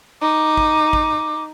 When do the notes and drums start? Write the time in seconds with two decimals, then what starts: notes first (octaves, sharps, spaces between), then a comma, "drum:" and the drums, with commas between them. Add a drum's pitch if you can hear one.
0.22 D#4 D6
0.57 drum: kick
0.93 drum: kick